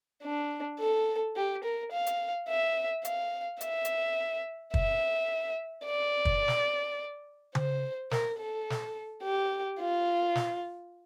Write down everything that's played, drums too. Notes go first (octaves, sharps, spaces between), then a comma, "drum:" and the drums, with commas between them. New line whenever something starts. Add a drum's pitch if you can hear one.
D4
A4
G4
A#4
F5
drum: hi-hat
E5
F5, drum: hi-hat
E5, drum: hi-hat
drum: hi-hat
E5, drum: kick
D5
drum: kick
drum: snare
C5, drum: tom C#3
A#4, drum: snare
A4
drum: snare
G4
F4
drum: snare